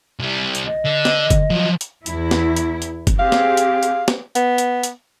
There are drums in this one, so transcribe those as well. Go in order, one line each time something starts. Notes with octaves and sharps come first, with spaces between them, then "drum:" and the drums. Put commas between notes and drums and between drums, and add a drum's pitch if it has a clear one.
C2 G3
drum: hi-hat
D#5
D3
drum: snare
drum: kick F#1, hi-hat
F3 F#3
drum: hi-hat
E2 E4, drum: hi-hat
drum: snare
drum: hi-hat
drum: hi-hat
drum: kick F#1, hi-hat
C4 G4 G#4 F5
drum: snare
drum: hi-hat
drum: hi-hat
drum: snare
B3, drum: hi-hat
drum: hi-hat
drum: hi-hat